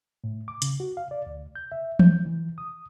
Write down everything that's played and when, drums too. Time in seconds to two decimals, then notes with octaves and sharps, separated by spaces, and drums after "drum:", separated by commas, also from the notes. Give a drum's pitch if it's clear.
0.24 A2
0.48 D6
0.62 C#3, drum: hi-hat
0.80 F#4
0.97 F5
1.11 D5
1.26 D2
1.55 G6
1.72 E5
1.99 G6, drum: tom E3
2.26 E3
2.58 D#6